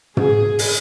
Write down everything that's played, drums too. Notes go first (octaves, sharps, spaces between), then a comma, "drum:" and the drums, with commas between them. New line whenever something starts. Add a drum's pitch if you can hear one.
G#4, drum: tom
drum: open hi-hat